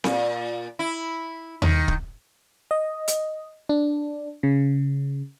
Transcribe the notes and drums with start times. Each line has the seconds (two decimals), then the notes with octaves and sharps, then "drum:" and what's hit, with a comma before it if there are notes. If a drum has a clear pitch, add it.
0.04 A#2, drum: snare C4
0.79 E4
1.62 D#3, drum: tom D#2
1.88 drum: kick
2.71 D#5
3.08 drum: hi-hat
3.69 D4
4.43 C#3